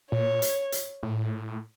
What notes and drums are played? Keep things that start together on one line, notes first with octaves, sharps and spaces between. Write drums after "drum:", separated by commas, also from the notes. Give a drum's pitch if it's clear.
A#2 C#5
drum: hi-hat
drum: hi-hat
A2